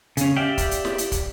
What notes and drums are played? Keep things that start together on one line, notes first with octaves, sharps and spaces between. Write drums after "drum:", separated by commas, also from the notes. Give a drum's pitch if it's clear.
C#3 C#4, drum: hi-hat
G4 D5 E5 F5 G5
drum: kick, hi-hat
drum: hi-hat
drum: snare
drum: hi-hat
drum: kick, hi-hat